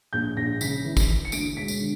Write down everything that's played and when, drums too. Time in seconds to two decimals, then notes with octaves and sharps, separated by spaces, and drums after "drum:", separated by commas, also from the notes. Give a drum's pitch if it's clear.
0.13 A#1 G6
0.37 A#1 A#6
0.61 C#3 B6, drum: tambourine
0.85 E3
0.97 drum: kick G#1, tambourine
1.09 E3
1.25 C#7
1.32 D2 D7, drum: tambourine
1.57 E1 B6
1.68 drum: tambourine
1.80 D3